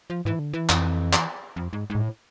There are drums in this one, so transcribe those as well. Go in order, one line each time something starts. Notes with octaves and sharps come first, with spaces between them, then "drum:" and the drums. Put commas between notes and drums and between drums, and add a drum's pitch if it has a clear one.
F3
G#2 E3
D3
E3
F2, drum: clap
drum: clap
F2
G#2
G#2
A2